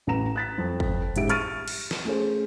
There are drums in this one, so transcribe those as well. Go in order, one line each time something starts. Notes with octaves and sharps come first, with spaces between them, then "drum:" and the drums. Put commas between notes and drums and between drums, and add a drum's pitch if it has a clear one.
A1 B4 A#5 E7
F#6 A6 B6
F2
drum: kick
A1 G#2 G4 E5 D7, drum: hi-hat
C#6 F6 A6 D7 D#7, drum: hi-hat
drum: cymbal
drum: snare
A3 C#4 G#4 C5